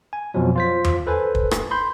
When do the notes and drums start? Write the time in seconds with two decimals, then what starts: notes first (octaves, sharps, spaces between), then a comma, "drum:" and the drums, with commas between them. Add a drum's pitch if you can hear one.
0.13 G#5
0.34 F2 B2 F3 F#3
0.56 F4 C5 B6
0.84 drum: tom E2
1.07 A4 B4 C5 G#5
1.35 drum: kick
1.51 drum: rim click
1.71 B5 C6 G6